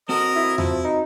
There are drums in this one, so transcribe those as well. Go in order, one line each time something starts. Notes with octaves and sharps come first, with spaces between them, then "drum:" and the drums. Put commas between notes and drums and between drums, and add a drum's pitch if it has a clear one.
C4 F#4 A4 A#4 D#5
E4
F3 E4, drum: tom E2
D#4